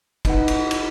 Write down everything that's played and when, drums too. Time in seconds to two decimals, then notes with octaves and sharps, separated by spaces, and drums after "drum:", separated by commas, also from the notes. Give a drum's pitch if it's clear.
0.25 D#4 B4 F#5, drum: kick, cymbal
0.48 drum: cymbal
0.71 drum: cymbal